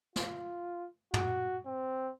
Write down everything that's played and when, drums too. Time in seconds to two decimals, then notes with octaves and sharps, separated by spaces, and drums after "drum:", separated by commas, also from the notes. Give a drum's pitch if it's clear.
0.16 F4, drum: snare
1.14 F#4, drum: tom
1.66 C4